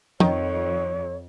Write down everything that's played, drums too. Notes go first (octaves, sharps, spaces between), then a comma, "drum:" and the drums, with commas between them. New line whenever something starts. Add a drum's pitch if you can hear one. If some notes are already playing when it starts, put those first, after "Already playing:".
F2 D#3 C#5, drum: tom